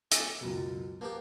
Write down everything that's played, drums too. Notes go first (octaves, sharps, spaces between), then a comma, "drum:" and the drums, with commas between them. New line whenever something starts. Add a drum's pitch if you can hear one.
G#5 D6 E6 A6, drum: hi-hat
C#2 F#2 B2
A#3 B3 G4 A5